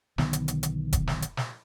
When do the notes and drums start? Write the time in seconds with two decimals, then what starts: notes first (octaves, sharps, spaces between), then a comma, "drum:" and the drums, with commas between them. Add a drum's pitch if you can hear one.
0.18 B1 D3 D#3 B3, drum: snare
0.33 drum: hi-hat
0.48 drum: hi-hat
0.63 drum: hi-hat
0.93 drum: kick E1, hi-hat
1.07 drum: snare
1.22 drum: hi-hat
1.37 drum: snare